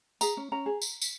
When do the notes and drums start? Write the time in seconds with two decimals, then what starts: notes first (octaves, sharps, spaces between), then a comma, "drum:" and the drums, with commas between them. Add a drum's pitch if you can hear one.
0.21 G#4 A#5, drum: tambourine
0.37 C#4
0.52 C#4 A#5
0.66 G#4
0.82 drum: tambourine
1.02 drum: tambourine